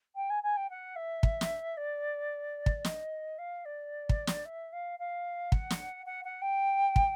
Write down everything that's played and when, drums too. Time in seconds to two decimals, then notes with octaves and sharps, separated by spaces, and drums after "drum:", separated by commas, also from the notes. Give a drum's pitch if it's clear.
0.15 G5
0.30 G#5
0.43 G#5
0.56 G5
0.70 F#5
0.96 E5
1.23 drum: kick
1.41 drum: snare
1.77 D5
2.66 drum: kick
2.85 D#5, drum: snare
3.38 F5
3.65 D5
4.09 drum: kick
4.27 drum: snare
4.45 E5
4.72 F5
4.99 F5
5.52 F#5, drum: kick
5.70 drum: snare
6.06 F#5
6.24 F#5
6.41 G5
6.96 drum: kick